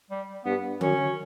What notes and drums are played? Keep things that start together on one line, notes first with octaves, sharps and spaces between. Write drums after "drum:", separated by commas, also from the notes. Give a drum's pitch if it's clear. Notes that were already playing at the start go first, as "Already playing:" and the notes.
G3
G2 B3
F#2 C#4, drum: tom D3